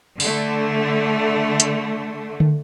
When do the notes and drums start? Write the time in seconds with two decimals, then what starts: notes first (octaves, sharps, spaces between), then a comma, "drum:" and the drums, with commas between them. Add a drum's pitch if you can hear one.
0.20 D3 A3, drum: open hi-hat
1.60 drum: hi-hat
2.40 drum: tom D3